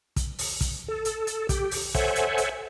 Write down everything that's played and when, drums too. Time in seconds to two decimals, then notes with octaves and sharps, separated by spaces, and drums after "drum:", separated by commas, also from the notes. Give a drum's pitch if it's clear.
0.16 drum: kick, hi-hat
0.39 drum: open hi-hat
0.61 drum: kick, hi-hat
0.88 A4
1.05 drum: hi-hat
1.27 drum: hi-hat
1.49 G4, drum: kick, hi-hat
1.71 drum: open hi-hat
1.95 A4 C5 C#5 E5 F#5 G#5, drum: kick, hi-hat
2.15 drum: hi-hat
2.38 drum: hi-hat